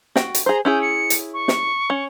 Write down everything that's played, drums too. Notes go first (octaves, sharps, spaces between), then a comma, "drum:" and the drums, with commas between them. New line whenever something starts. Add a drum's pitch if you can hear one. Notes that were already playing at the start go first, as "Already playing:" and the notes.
F#4 G5, drum: snare
drum: hi-hat
G#4 C5 A#5
C#4 E4 G#4 G6
C#7
drum: hi-hat
C#6
drum: snare
C#4